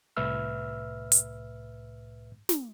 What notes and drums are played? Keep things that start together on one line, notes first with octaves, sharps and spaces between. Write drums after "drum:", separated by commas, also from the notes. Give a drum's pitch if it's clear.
C2 A2 B4 E5 E6 F6
drum: hi-hat
drum: snare